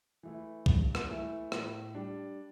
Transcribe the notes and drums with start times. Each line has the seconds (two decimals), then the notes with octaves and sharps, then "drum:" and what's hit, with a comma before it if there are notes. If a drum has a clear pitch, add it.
0.23 E3 A3 E4
0.66 G2, drum: kick B1
0.95 drum: rim click
1.09 E3 A3 E4
1.52 A2, drum: rim click
1.95 G3 D4